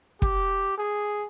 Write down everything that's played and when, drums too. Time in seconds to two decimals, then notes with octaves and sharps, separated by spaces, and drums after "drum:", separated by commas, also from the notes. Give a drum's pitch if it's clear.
0.22 G4, drum: kick
0.78 G#4